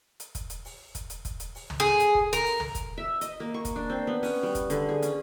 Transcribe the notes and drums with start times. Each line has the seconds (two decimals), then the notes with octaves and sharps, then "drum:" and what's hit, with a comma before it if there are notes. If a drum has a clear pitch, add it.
0.20 drum: hi-hat
0.35 drum: kick, hi-hat
0.50 drum: hi-hat
0.65 drum: open hi-hat
0.95 drum: kick, hi-hat
1.10 drum: hi-hat
1.25 drum: kick, hi-hat
1.40 drum: hi-hat
1.55 drum: open hi-hat
1.70 drum: tom
1.80 G#4
2.00 drum: hi-hat
2.15 drum: kick
2.33 A#4, drum: hi-hat
2.45 drum: open hi-hat
2.60 drum: tom
2.75 drum: kick, hi-hat
2.98 E5
3.21 D#5, drum: hi-hat
3.40 A#3
3.54 C#6
3.65 drum: kick, hi-hat
3.76 D4
3.90 C4
4.07 B3
4.23 C#4, drum: open hi-hat
4.43 G3
4.55 drum: kick, hi-hat
4.70 D3, drum: hi-hat
4.89 G#4
5.03 C#4, drum: hi-hat